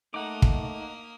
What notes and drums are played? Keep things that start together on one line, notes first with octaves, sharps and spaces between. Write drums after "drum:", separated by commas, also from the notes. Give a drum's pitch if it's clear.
A3 A#3 D#4 F#5 D6 D#6
drum: kick